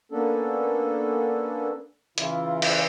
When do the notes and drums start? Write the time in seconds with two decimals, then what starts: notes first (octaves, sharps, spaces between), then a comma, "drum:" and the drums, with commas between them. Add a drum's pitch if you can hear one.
0.12 A#3 B3 C#4 D4 A4
2.18 C#3 E3 E4 F4, drum: hi-hat
2.62 drum: cymbal